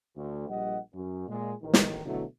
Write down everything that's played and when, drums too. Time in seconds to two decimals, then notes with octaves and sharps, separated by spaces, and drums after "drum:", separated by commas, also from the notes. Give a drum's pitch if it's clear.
0.17 D2
0.50 A#1 G3 D#5 F#5
0.94 F#2
1.29 A#2 G#3
1.63 A1 D#3
1.74 drum: snare
2.06 B2 D3 F#3 A3 E4